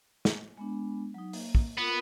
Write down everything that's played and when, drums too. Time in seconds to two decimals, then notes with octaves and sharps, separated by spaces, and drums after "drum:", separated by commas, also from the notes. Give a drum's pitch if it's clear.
0.25 drum: snare
0.57 G#3 B3 D4
1.14 F#3 D#4
1.33 A#3, drum: open hi-hat
1.55 drum: kick
1.78 B3 F4 A#4